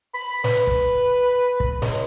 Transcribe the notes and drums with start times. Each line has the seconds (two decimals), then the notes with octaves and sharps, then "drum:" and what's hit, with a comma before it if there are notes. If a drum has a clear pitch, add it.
0.14 B5
0.44 B4, drum: snare
0.67 drum: kick
1.60 drum: kick
1.82 C#2, drum: snare